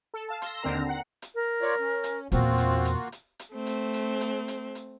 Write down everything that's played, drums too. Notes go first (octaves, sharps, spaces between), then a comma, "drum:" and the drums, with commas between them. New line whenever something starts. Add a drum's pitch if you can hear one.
A4
F5 A5
C6 E6 A#6, drum: hi-hat
D#2 D3 C4 A#4 A#5
F#5 C7
drum: hi-hat
A#4
F4 C#5 D5
C#4
drum: hi-hat
E2 A#2 A#3 C4 F4 F#4, drum: hi-hat
drum: hi-hat
drum: hi-hat
drum: hi-hat
drum: hi-hat
A3 C4
drum: hi-hat
drum: hi-hat
drum: hi-hat
drum: hi-hat
drum: hi-hat